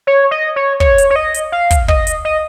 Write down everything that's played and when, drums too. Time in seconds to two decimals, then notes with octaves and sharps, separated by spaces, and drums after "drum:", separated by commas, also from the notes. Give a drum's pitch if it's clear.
0.07 C#5
0.31 D#5
0.56 C#5
0.80 C#5, drum: kick
0.98 drum: hi-hat
1.10 C#5
1.16 D#5
1.34 drum: hi-hat
1.52 F5
1.71 drum: kick, hi-hat
1.88 D#5, drum: kick
2.07 drum: hi-hat
2.25 D#5